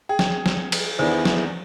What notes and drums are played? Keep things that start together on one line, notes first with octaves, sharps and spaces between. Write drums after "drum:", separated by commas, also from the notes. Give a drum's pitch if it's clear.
G#4 G5
drum: snare
drum: snare
drum: cymbal
E2 D#3 B3 D4 E4 G#4 C5
drum: snare